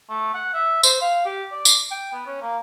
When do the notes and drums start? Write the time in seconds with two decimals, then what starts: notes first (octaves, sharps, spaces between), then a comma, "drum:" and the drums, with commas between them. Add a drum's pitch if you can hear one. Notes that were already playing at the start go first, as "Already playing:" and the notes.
0.10 A3
0.34 F#5
0.54 E5
0.83 C5, drum: tambourine
1.01 F5
1.25 G4
1.52 D5
1.65 drum: tambourine
1.91 G5
2.13 B3
2.27 C#4
2.41 A#3